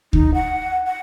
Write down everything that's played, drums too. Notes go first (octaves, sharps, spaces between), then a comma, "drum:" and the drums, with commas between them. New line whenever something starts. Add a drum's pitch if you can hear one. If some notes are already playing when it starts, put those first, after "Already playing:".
D#4, drum: kick D2
F#5
F#5